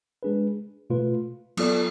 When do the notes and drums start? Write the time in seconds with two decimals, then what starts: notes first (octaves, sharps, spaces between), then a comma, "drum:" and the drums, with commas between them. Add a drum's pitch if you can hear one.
0.23 G#3 D4 G#4 B4
0.90 B2 A3 F4 B4
1.57 F#3 B3 F4 A4 D5, drum: cymbal